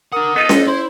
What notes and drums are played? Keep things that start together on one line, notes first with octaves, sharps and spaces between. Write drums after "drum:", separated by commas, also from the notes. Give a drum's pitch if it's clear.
D4 A#4 F#5 D#6
B3 D#4 F4 A4 D#5
drum: snare C#4
E4 C5 C6